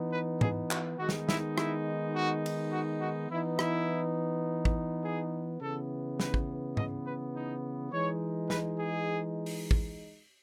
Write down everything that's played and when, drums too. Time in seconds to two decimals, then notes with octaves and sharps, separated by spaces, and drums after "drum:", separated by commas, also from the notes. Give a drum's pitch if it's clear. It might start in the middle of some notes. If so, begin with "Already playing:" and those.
Already playing: E3 B3 D#4
0.13 B4
0.41 G#4, drum: tom G#2
0.71 F#4, drum: clap
0.99 D#3 G#3 B3 D#4 F#4
1.09 drum: snare
1.29 E4, drum: snare
1.58 E4, drum: rim click
2.15 F#4
2.46 drum: cymbal
2.72 F#4
3.01 F#4
3.31 E3 B3 D#4 E4
3.59 E4, drum: rim click
4.65 drum: kick
5.04 G#4
5.62 C#3 E3 B3 A4
6.20 B4, drum: snare
6.34 drum: kick
6.77 D#5, drum: tom G#2
7.07 B4
7.36 D#4
7.92 E3 G#3 D#4 C#5
8.50 B4, drum: snare
8.79 G#4
9.46 drum: open hi-hat
9.71 drum: kick